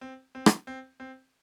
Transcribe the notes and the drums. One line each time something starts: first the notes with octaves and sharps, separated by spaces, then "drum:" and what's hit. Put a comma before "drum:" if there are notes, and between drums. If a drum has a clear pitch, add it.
C4
C4
drum: rim click
C4
C4